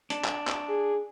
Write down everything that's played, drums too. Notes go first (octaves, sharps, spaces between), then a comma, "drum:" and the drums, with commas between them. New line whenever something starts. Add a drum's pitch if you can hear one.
D4, drum: hi-hat
drum: clap
drum: clap
G#4